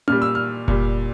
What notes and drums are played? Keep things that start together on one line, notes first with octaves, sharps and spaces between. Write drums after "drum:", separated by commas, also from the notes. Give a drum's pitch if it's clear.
A#2 G3 F6, drum: tom C#4
E6
F6
A#2 G3, drum: kick F1